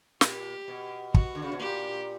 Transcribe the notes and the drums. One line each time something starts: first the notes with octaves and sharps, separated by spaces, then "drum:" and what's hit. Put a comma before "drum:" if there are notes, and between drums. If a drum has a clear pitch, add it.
A#2 G4, drum: snare
B2
F#4, drum: kick
D3
C#3
B2
A#2 G4